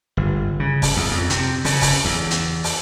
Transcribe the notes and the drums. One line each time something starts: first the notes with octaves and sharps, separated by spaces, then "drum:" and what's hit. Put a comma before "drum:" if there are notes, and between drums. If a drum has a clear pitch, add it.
G1
C#3
drum: kick, open hi-hat
E2
F2
C3, drum: hi-hat
C#3, drum: open hi-hat
drum: kick, open hi-hat
E2
drum: hi-hat
drum: open hi-hat